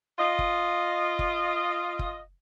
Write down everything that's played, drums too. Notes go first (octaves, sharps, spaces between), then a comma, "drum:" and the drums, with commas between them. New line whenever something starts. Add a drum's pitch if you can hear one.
F4 D#5
drum: kick
drum: kick
drum: kick